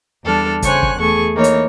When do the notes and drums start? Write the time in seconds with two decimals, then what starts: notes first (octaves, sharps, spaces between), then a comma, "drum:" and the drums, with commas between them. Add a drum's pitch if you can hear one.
0.24 E2 G3 D4 A4 F6
0.62 C#3 C5 C#5 G#5 C#6 F#6, drum: kick, hi-hat
0.83 drum: kick
0.98 E2 A3 G#4 A4 C#6
1.35 E3 A#3 D#4 C#5
1.44 drum: hi-hat